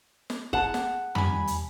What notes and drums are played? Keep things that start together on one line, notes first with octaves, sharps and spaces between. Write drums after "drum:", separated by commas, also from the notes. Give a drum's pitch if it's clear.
drum: snare
G#4 F#5 A5 E7, drum: kick F#1
drum: snare
D#3 G3 G#5 B5, drum: tom
drum: hi-hat